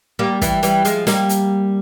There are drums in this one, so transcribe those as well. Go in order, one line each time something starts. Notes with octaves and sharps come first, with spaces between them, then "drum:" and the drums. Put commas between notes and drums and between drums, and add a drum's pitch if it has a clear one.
G3 A#3
E3 G3, drum: kick, hi-hat
E3 G3, drum: hi-hat
F3 G#3, drum: hi-hat
G3 A#3, drum: snare
drum: hi-hat